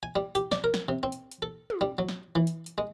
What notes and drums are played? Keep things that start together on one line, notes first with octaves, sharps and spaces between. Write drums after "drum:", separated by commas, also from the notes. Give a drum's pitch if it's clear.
G#5
G3
G4, drum: hi-hat
D5, drum: snare
A#4
drum: snare
C3
C4
drum: hi-hat
drum: hi-hat
A4
drum: tom
G3
F#3
drum: snare
E3
drum: hi-hat
drum: hi-hat
G#3